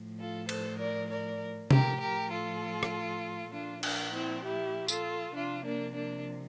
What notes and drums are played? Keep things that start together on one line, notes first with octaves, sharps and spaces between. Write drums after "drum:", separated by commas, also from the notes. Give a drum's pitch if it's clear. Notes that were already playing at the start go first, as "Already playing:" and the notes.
Already playing: A2 F3
F4 A4
A4 C5, drum: cymbal
A#4 D5
A#4 D5
A2 F3 G4 A#4, drum: tom C3
G4 A#4
F4 A4
drum: rim click
A#2 F3 D4 F4
A#3 D4, drum: cymbal
C4 E4
E4 G4
F4 A4, drum: tambourine
C3 F3 D4 F4
A#3 D4
A#3 D4